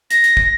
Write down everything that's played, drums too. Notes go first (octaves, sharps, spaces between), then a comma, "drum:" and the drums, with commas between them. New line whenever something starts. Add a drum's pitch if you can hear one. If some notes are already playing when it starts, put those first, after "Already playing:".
A#6, drum: hi-hat
drum: hi-hat
drum: kick